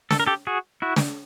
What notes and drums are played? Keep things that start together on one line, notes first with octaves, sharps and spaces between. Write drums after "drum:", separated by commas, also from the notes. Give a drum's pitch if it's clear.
A4, drum: snare
A#4
G4 A4
F#4 G#4
E4 F#4
drum: snare